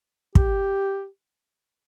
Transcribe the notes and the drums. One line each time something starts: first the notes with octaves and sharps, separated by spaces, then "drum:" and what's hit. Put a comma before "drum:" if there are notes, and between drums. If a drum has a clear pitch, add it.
G4, drum: kick